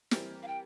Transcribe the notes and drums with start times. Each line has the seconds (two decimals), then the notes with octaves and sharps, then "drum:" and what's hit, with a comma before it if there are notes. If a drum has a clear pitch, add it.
0.11 E3 G3 C4 G4 A#4, drum: snare
0.43 F5
0.48 G5